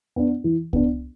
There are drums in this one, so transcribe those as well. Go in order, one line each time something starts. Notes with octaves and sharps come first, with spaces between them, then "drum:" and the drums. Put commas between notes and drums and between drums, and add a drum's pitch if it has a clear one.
B3 D4
E3
B3 D4, drum: kick C#2